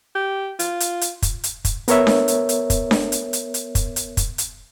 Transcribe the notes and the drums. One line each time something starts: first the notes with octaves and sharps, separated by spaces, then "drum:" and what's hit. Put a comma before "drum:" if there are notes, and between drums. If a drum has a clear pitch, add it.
G4
F4, drum: hi-hat
drum: hi-hat
drum: hi-hat
drum: kick, hi-hat
drum: hi-hat
drum: kick, hi-hat
B3 A#4 C#5 E5, drum: hi-hat
drum: snare D4
drum: hi-hat
drum: hi-hat
drum: kick, hi-hat
drum: snare D4
drum: hi-hat
drum: hi-hat
drum: hi-hat
drum: kick, hi-hat
drum: hi-hat
drum: kick, hi-hat
drum: hi-hat